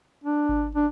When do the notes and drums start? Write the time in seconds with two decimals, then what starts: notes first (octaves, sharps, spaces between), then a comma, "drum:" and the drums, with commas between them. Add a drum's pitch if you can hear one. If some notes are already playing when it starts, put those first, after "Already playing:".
0.24 D4
0.49 drum: kick G#1
0.75 D4